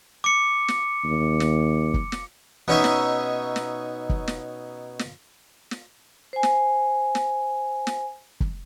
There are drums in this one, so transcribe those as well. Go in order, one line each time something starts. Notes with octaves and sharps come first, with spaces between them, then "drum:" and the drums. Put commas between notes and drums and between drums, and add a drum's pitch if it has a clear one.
D6 C#7
drum: snare
D#2
drum: snare
drum: kick
drum: snare
B2 C#4 D#4 E5
drum: snare
drum: snare
drum: kick
drum: snare
drum: snare
drum: snare
C5 G#5
drum: snare
drum: snare
drum: snare
drum: kick